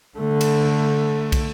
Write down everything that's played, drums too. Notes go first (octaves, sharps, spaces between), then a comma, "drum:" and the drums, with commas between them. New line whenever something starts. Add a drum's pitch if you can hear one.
D3 A3
drum: cymbal
drum: kick, cymbal